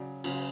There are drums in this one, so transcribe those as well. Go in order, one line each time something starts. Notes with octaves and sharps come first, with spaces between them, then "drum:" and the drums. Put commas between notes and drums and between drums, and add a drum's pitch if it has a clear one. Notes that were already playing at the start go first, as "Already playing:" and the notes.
Already playing: C#3 F#3 D5
C#3 F#3, drum: cymbal